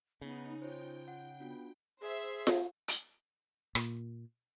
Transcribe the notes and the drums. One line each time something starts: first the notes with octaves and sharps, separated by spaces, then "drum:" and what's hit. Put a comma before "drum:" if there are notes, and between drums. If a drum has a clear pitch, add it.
C#3 B3 D#4
F4 C5 C#5 G5
F#5
B3 D4 F4 F#4
G#4 C5 E5 C7
drum: snare F4
drum: hi-hat
A#2, drum: rim click